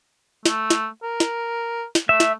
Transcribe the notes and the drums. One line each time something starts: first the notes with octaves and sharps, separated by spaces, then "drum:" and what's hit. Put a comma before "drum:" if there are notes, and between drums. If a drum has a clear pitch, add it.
A3, drum: snare
drum: snare
A#4
drum: snare
drum: snare
A3 E5
drum: snare